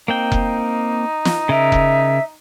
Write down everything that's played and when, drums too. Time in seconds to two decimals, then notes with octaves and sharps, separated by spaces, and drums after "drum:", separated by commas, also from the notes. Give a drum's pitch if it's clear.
0.08 A#3 C4 D#4 G5
0.32 drum: kick F1
1.25 drum: snare
1.49 C#3 A#4 E5
1.72 drum: kick F1